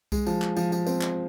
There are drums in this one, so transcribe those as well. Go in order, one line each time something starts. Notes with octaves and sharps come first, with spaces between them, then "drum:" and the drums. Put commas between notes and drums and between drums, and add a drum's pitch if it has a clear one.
G#3, drum: kick C2, tambourine
F3, drum: tambourine
drum: clap
F3, drum: tambourine
F3, drum: tambourine
C4, drum: tambourine
drum: clap